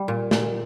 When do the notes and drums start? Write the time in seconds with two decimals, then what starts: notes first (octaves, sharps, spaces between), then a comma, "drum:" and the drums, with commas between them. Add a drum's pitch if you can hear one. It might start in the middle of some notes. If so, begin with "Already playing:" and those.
Already playing: G3
0.08 A#2
0.31 A#2, drum: snare